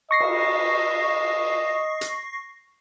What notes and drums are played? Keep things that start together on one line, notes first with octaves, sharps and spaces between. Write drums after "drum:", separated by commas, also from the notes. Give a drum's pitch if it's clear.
D#5 C#6 A#6 C7
drum: cymbal
drum: hi-hat